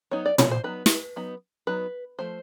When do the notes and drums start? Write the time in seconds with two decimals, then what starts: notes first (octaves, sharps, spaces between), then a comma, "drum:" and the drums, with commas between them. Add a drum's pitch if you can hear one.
0.11 F#3 B3 D#4 C#5
0.26 D5
0.38 C#5, drum: tom
0.51 C5
0.64 F#3 B3 D#4 B4
0.86 drum: snare
1.16 F#3 B3 D#4
1.67 F#3 B3 D#4 B4
2.19 F3 A3 C5